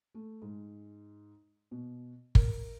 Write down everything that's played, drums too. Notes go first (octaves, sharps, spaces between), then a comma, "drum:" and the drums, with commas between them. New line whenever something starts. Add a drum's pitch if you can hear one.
A3
G#2
B2
A#4, drum: kick